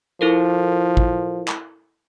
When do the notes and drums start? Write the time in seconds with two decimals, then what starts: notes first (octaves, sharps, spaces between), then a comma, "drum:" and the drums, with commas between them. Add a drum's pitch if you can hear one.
0.21 F3 E4 A4 A#4
0.97 drum: kick
1.48 drum: clap